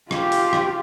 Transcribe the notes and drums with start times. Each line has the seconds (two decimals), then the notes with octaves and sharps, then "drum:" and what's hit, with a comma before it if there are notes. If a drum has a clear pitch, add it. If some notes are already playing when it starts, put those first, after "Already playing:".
0.11 F4 G4, drum: rim click
0.32 drum: open hi-hat
0.53 drum: rim click